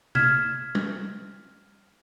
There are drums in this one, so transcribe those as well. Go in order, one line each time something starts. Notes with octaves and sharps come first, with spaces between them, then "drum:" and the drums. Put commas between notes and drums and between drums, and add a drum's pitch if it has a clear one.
F6 G#6 B6 E7, drum: tom C3
drum: tom